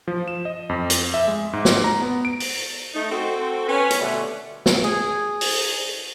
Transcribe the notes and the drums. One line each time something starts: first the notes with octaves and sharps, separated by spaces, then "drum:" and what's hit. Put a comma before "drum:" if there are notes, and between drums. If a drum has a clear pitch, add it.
F3
E7
D#5
F2
drum: hi-hat
E5
G#3
G#2
drum: snare
A#5
B3
D7
drum: open hi-hat
A3 D#4
C4 F#4 A4
C#4 B4
drum: hi-hat
B2 D3 G3 A3 F#4 D5
drum: snare
G#4
drum: open hi-hat